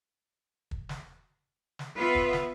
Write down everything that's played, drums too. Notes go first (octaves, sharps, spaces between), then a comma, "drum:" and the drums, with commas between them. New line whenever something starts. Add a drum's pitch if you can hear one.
drum: kick
drum: snare
drum: snare
B3 F4 B4 E5
drum: kick
drum: snare